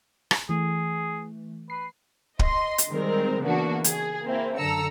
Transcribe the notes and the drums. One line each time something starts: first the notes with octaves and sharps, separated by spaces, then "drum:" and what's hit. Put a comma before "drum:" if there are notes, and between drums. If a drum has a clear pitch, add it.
drum: rim click
E3 A3 G#4
B4 C7
D#5 C6, drum: kick
drum: hi-hat
D#3 G3 G#3 C4 A#4
C#3 E3 A#3 B3 D4 F#4
G#4, drum: hi-hat
A#3 C4 E4
F#2 D3 A4 A#5 E6 C#7